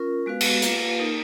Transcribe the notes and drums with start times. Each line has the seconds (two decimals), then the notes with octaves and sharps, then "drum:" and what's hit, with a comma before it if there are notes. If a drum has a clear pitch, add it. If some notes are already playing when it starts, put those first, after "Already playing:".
Already playing: C#4 F4 A#4
0.26 G#3 B3 F#4 B4 F5
0.41 drum: cymbal
0.62 A#3 F4 B4 F5, drum: hi-hat
0.99 A#3 D#4 A#4